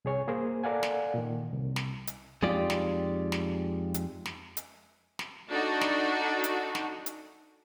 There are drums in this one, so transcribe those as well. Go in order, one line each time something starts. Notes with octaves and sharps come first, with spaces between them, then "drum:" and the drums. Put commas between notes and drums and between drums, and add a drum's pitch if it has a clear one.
C2 G#4 C#5 G#5
A#3 G#4 A#4 C5
A4 A#4 D5 F5 F#5 G#5
drum: snare
A#2 D#3
C2
drum: snare
drum: hi-hat
F2 G#3 D#4 F4 G4 D5
drum: snare
drum: snare
drum: hi-hat
drum: snare
drum: hi-hat
drum: snare
D4 D#4 F#4 A4
drum: snare
drum: hi-hat
drum: snare
drum: hi-hat